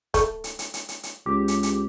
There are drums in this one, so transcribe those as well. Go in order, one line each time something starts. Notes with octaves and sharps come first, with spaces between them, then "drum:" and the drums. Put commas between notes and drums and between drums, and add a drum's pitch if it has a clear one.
A3, drum: kick, hi-hat
drum: hi-hat
drum: hi-hat
drum: hi-hat
drum: hi-hat
drum: hi-hat
C#2 G4
drum: hi-hat
drum: hi-hat